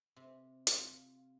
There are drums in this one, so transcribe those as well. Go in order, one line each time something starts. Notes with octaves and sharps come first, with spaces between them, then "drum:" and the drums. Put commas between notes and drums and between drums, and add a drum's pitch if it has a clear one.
C3
F4, drum: hi-hat